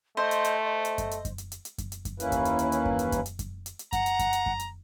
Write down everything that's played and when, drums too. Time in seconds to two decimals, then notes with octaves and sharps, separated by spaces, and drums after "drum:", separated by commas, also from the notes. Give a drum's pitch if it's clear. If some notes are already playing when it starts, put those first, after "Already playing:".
0.17 A3 C5 D#5
0.31 drum: hi-hat
0.44 drum: hi-hat
0.65 D#5
0.85 drum: hi-hat
0.98 drum: kick F#2, hi-hat
1.11 drum: hi-hat
1.25 drum: kick F#2, hi-hat
1.38 drum: hi-hat
1.52 drum: hi-hat
1.65 drum: hi-hat
1.78 drum: kick F#2, hi-hat
1.92 drum: hi-hat
2.05 drum: kick F#2, hi-hat
2.20 D#2 E3 A#3 C#4 E4 B4, drum: hi-hat
2.32 drum: kick F#2, hi-hat
2.45 drum: hi-hat
2.59 drum: hi-hat
2.72 drum: hi-hat
2.85 drum: kick F#2
2.99 drum: hi-hat
3.12 drum: kick F#2, hi-hat
3.26 drum: hi-hat
3.39 drum: kick F#2, hi-hat
3.66 drum: hi-hat
3.79 drum: hi-hat
3.93 F#5 A#5, drum: kick F#2, hi-hat
4.06 drum: hi-hat
4.19 drum: kick F#2, hi-hat
4.33 drum: hi-hat
4.46 drum: kick F#2
4.60 drum: hi-hat